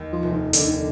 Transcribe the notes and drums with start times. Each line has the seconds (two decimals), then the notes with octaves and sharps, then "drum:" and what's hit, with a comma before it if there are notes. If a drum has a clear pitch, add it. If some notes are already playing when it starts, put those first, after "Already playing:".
Already playing: D#2
0.12 F3
0.23 F1
0.33 D#3
0.53 D#2 D3, drum: hi-hat
0.65 D#3
0.76 D3